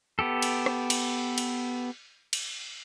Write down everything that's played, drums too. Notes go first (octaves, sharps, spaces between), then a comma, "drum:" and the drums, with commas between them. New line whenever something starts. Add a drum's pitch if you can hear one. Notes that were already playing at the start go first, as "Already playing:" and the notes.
B3 G4 A4
drum: cymbal
drum: rim click
drum: cymbal
drum: cymbal
drum: cymbal